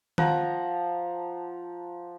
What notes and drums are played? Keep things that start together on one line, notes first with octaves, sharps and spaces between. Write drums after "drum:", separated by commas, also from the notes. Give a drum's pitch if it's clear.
F3 F#5 A#5, drum: tom D#3